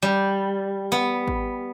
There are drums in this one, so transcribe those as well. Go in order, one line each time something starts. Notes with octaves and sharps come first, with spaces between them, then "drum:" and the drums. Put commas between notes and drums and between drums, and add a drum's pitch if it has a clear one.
G3
B3
drum: kick G#1